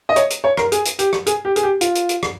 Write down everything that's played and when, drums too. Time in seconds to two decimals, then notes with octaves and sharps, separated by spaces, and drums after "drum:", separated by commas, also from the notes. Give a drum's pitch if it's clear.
0.09 D#5
0.16 C#5, drum: hi-hat
0.30 drum: hi-hat
0.44 C#5
0.57 A#4, drum: rim click
0.72 G#4, drum: hi-hat
0.85 drum: hi-hat
0.99 G4, drum: hi-hat
1.13 drum: rim click
1.26 G#4, drum: hi-hat
1.45 G4
1.56 G#4, drum: hi-hat
1.63 G4
1.81 F4, drum: hi-hat
1.95 drum: hi-hat
2.09 drum: hi-hat
2.23 drum: rim click